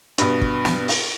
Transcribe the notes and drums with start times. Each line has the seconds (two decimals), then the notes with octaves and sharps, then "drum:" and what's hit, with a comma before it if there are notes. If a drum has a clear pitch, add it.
0.18 G2 B2, drum: hi-hat
0.41 drum: kick
0.65 drum: snare
0.88 drum: open hi-hat